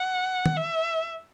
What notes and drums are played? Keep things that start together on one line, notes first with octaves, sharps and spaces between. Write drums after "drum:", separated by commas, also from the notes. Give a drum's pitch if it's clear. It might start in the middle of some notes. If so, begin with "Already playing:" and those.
Already playing: F#5
drum: tom D#3
E5